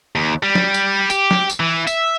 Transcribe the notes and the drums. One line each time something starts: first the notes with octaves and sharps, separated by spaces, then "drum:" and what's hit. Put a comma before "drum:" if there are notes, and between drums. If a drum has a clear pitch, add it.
D#2
G3
drum: snare
drum: tambourine
G4, drum: tambourine
drum: snare
drum: tambourine
E3
E5, drum: tambourine